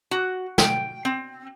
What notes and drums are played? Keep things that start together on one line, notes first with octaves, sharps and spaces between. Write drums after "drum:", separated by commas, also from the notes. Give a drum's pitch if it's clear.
F#4
G5, drum: snare
C4